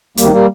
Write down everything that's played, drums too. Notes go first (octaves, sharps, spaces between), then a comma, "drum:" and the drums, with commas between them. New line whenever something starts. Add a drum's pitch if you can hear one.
D2 C3 D#3 G3 A#3, drum: hi-hat
G3 A#3